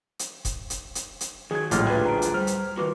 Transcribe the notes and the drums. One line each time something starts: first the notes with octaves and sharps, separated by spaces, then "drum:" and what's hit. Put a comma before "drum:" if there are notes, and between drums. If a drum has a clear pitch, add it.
drum: hi-hat
drum: kick E1, hi-hat
drum: hi-hat
drum: hi-hat
drum: hi-hat
D#3 F#3 G#4 G#6
A#1 A2 G3 F4 D6 F6 A6, drum: hi-hat
D2 D4 F4 G#4 B4 G5
A#5 D7
drum: hi-hat
G3 C5 F6
drum: hi-hat
D#3 F4 F#4 B4 D6